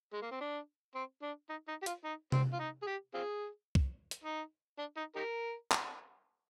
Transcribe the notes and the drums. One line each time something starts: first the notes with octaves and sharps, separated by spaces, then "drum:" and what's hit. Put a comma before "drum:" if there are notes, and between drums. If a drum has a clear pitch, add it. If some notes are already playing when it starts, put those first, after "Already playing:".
G#3
A#3
C4
D4
C4
D4
D#4
D#4
G4
F4, drum: hi-hat
D#4
C4, drum: tom C3
F4
D#4
G#4
G4
C4 F4 G#4
drum: kick
drum: hi-hat
D#4
D4
D#4
D#4 G4 A#4
drum: clap